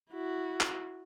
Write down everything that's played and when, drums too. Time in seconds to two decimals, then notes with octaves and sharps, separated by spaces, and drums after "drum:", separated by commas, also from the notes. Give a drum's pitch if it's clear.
0.11 E4 F#4
0.60 drum: clap